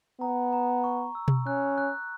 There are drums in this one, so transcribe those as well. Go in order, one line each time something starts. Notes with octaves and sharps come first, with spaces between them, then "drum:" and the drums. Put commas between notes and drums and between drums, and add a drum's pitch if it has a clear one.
B3 A#5
A#5
C#6
E6
drum: tom B2
C#4 F#6
F#6